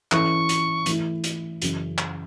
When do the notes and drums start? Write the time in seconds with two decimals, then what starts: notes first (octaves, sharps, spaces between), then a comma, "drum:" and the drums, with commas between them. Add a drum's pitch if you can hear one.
0.12 E3 C#4 E4 A4 C#6, drum: clap
0.49 drum: hi-hat
0.86 E3 A3 E4, drum: hi-hat
1.24 drum: hi-hat
1.62 F#2 C#3 E3, drum: hi-hat
1.98 drum: clap